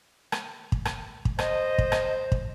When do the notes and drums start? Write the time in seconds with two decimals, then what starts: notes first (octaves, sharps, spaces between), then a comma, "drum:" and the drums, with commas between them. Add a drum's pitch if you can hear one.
0.32 drum: rim click
0.72 drum: kick
0.85 drum: rim click
1.25 drum: kick
1.39 C5 D#5, drum: rim click
1.78 drum: kick
1.92 drum: rim click
2.32 drum: kick